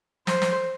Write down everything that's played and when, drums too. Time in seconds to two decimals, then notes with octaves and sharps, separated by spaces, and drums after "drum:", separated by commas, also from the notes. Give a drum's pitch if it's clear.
0.27 C5, drum: snare
0.42 drum: snare